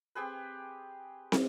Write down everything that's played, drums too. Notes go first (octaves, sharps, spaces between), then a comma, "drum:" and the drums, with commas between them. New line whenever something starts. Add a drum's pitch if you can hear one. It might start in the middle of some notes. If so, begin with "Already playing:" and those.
C4 G4 G#4 B4
drum: snare